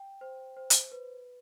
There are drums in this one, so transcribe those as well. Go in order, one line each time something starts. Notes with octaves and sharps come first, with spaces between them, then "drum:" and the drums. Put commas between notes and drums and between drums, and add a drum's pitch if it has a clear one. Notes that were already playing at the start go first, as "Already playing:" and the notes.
Already playing: G5
C5
C5
drum: hi-hat
B4